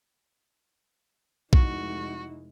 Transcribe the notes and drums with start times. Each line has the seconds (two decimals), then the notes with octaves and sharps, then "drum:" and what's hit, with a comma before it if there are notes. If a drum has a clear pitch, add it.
1.53 F1 G#3 D#4 E4 F#4, drum: kick A#1